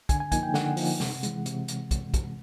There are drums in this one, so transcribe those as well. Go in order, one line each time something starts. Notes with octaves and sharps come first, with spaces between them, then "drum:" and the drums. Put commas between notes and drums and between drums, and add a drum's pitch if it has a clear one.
D3 G#5, drum: kick, hi-hat
G#5
F3 A#3 D#4 G#5, drum: kick, hi-hat
G5
D3 F#5, drum: snare
F3 A#3 D#4, drum: open hi-hat
C3, drum: snare
E3 G#3, drum: hi-hat
C3, drum: hi-hat
drum: hi-hat
drum: kick, hi-hat
drum: kick, hi-hat